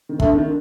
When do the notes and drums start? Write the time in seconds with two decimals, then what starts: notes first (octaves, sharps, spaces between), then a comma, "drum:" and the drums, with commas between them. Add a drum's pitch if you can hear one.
0.09 D#3
0.20 D3 A3, drum: kick
0.35 D#3
0.45 D3